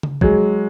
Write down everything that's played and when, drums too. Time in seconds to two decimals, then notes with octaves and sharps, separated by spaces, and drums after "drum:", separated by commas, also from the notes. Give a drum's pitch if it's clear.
0.03 drum: tom C#3
0.21 F#3 G#3, drum: kick